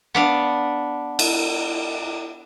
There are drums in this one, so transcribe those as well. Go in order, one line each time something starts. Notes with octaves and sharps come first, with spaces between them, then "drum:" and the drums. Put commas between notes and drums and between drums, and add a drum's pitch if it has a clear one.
B3 D4 F5
drum: cymbal